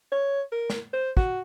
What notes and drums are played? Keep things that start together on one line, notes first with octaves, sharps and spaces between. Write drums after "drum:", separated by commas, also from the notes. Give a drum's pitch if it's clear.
C#5
A#4
drum: snare
C5
F#4, drum: kick